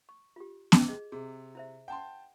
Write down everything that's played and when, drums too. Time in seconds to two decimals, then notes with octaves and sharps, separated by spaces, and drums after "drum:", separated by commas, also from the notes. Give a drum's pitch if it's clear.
0.09 C#6
0.36 F4 G4
0.72 drum: snare B3
0.88 G#4 D#5
1.12 C3 G#4
1.55 E4 C5 E5
1.88 F#5 G5 A5 C6